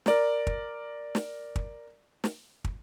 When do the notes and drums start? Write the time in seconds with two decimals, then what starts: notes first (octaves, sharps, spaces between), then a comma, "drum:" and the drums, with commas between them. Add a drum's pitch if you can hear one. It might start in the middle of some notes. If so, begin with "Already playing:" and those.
0.06 A#4 D5 A#5, drum: snare
0.47 drum: kick
1.15 drum: snare
1.56 drum: kick
2.24 drum: snare
2.64 drum: kick